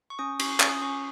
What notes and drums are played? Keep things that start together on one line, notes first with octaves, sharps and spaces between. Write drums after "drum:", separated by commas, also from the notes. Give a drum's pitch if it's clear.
C#6
C#4 D#6
C#4 C#6, drum: cymbal
C#4 D#6, drum: clap
D#6
C#4 C#6